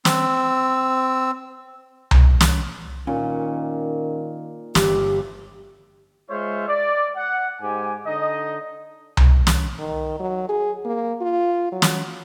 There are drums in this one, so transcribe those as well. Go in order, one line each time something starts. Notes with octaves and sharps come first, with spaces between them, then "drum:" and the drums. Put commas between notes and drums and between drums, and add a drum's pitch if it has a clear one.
C4 E6, drum: snare
drum: tom C2
drum: snare
A#2 D#3 C#4
G1 G4 E5, drum: snare
G#3 F4 C5 C#5 E5
D5
F#5
G#2 G4 G#5
D3 D#4 D#5
drum: tom C2
drum: snare
D#3
F#3
G#4
A#3
F4
F#3
drum: snare